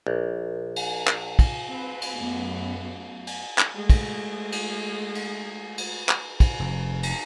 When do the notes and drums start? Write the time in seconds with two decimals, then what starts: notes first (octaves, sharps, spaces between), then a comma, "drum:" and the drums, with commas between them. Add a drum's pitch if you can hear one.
0.07 A#1
0.76 drum: cymbal
1.07 drum: clap
1.39 drum: kick, cymbal
1.70 C4 B4
2.01 drum: cymbal
2.19 F#2 A3 B3
3.27 drum: cymbal
3.58 drum: clap
3.74 G#3 A3
3.90 drum: kick, cymbal
4.52 drum: cymbal
5.15 drum: cymbal
5.78 drum: cymbal
6.09 drum: clap
6.40 drum: kick, cymbal
6.60 F1
7.03 drum: cymbal